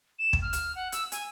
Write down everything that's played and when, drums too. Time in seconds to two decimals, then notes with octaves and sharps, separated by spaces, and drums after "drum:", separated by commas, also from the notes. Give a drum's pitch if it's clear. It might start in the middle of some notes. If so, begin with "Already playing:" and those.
0.19 E7
0.33 drum: kick
0.42 F6
0.53 drum: hi-hat
0.75 F#5
0.92 E6, drum: hi-hat
1.12 G#5, drum: hi-hat